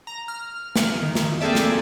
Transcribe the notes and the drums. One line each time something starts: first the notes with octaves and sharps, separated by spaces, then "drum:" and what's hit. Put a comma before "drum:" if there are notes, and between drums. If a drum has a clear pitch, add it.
A#5
F6
F6, drum: snare
D#3
drum: snare
A#3 C4 G#4 A4 D5 E5
drum: snare